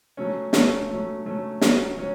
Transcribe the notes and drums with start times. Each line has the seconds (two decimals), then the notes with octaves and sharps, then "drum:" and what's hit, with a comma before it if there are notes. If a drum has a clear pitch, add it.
0.17 F#3 A3 C#4
0.53 F#3 A3 C#4, drum: snare
0.89 F#3 A3 C#4
1.25 F#3 A3 C#4
1.61 F#3 C#4 F#4, drum: snare
1.97 F#3 C#4